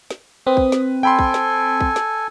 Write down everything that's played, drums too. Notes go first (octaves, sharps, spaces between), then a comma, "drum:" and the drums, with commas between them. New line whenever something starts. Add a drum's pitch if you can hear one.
drum: snare
C4 B4 D#6
drum: kick
drum: snare
A4 G5 G#5 B5 C6
drum: kick
drum: snare
drum: kick
drum: snare